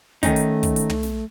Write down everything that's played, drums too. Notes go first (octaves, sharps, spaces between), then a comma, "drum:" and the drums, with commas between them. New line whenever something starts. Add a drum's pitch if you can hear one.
D#3 A3 C#4 D#4, drum: kick, hi-hat
drum: hi-hat
drum: kick, hi-hat
drum: hi-hat
drum: tom
drum: snare